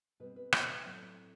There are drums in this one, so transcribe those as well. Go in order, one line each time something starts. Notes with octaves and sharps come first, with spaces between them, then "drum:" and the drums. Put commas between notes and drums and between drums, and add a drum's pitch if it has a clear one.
B2 G3 C4 B4
B4
C5, drum: rim click
E5
A2 F#3 A3 C4 D5